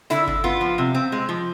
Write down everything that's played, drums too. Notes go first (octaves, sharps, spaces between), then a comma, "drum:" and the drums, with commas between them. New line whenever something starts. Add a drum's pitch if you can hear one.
D3 E4, drum: snare
D3, drum: kick G1
B3 F4
F3
C3
C4
G#3
F3